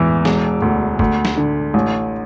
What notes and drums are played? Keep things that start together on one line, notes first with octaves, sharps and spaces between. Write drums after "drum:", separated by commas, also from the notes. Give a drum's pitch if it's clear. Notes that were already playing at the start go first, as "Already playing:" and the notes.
Already playing: E2 E3
E1, drum: snare
D2
D2, drum: kick
drum: snare
D3
A1